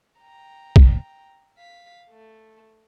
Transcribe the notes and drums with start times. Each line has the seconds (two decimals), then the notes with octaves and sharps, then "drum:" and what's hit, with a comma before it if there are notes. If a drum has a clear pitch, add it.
0.20 G5 A#5
0.76 drum: kick
1.57 F5 B6
2.10 A3